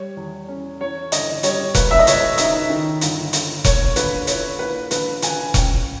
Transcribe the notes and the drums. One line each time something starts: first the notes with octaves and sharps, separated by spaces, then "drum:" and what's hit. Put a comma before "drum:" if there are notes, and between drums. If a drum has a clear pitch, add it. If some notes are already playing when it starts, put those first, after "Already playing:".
Already playing: G3 C#5
E2
C#4
E3 C#5
G1 D#5, drum: hi-hat
G3 C#5, drum: hi-hat
A#3 B4, drum: kick E1, hi-hat
E5
D#5
C#2 C#5, drum: hi-hat
D#4 E5, drum: hi-hat
D#3
G1, drum: hi-hat
G1, drum: hi-hat
A#3 C#5, drum: kick E1, hi-hat
A#1 B4, drum: hi-hat
E4 C#5, drum: hi-hat
A#3 B4
A#1 B4, drum: hi-hat
A#1 G#5, drum: hi-hat
C#4 G5, drum: kick E1, hi-hat